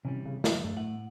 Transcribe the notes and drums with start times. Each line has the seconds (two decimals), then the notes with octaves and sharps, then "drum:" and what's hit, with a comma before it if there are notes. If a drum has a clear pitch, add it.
0.05 C3 E3 G3 C#4
0.25 C#3
0.44 E3 G#3, drum: snare
0.65 G2 A3
0.76 A2 A3 F#5